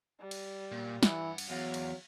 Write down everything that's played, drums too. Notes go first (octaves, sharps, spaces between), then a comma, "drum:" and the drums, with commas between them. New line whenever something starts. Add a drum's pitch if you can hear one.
G3
drum: cymbal
A#2
G2 E3 F#5, drum: snare
drum: cymbal
E2 F#3 F5
drum: cymbal